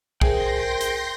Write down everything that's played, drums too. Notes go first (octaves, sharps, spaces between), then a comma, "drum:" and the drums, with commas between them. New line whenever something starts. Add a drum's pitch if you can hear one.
G#4 A#4 C5 E5 G5 C6 G6 A#6, drum: kick
drum: hi-hat